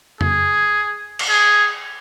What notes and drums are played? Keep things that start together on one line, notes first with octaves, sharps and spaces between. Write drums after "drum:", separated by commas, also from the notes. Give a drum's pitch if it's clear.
G#4, drum: tom F2
drum: cymbal
G#4